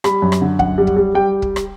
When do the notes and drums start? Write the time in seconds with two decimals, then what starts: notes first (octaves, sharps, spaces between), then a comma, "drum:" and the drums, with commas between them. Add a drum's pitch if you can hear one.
0.04 G3 B5, drum: rim click
0.22 F#2
0.32 drum: rim click
0.41 D3
0.59 F#2 F#5, drum: kick
0.78 G3
0.87 drum: kick
0.96 G3
1.15 G3 G5
1.42 drum: kick
1.56 drum: rim click